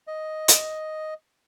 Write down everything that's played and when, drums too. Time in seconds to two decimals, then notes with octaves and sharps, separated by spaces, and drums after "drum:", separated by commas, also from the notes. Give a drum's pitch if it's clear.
0.07 D#5
0.48 drum: hi-hat